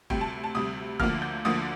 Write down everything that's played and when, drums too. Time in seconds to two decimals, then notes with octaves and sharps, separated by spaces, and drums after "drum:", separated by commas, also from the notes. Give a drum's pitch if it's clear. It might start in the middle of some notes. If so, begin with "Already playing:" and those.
0.10 D2 C3 G3 G5, drum: kick F1
0.21 A5
0.44 A5
0.55 D2 C3 G3 D#6
1.00 D2 D3 F3 A#3 F6, drum: kick F1
1.22 G6
1.45 D2 D3 F3 A#3 D#6